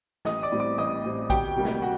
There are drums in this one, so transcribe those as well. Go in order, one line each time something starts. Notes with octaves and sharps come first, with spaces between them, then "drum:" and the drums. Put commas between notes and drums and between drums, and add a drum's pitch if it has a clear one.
A1 D#5 D#6, drum: snare
D5 D6
A2 G3 C4
D5 D6
A1 D#5 D#6
A2 G3 C4
D2 G4 G5, drum: kick A#1, hi-hat
C3 G3 A#3
drum: snare
F#4 F#5